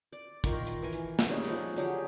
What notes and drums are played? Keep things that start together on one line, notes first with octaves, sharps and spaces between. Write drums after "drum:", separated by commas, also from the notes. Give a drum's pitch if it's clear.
D5
D#3 F4 A#4 C#6, drum: kick, hi-hat
drum: hi-hat
E3 A#4 G#5
drum: hi-hat
drum: snare
G3 C#4 D#4 G#4
F3 A#4 F#5, drum: hi-hat
D3 F#3 G4 G#4